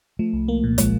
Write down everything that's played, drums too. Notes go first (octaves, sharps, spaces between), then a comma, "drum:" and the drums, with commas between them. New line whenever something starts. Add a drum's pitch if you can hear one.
F3 A3
C2
A#3
A#2
F3 G#3, drum: kick, hi-hat